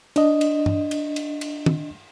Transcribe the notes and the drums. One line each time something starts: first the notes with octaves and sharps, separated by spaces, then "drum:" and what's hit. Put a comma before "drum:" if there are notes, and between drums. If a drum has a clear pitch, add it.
D4 D#5, drum: cymbal
drum: cymbal
drum: tom G2
drum: cymbal
drum: cymbal
drum: cymbal
drum: tom